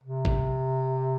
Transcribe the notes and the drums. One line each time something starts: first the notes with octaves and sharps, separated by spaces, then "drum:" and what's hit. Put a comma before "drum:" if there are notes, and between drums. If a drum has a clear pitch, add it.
C3
drum: kick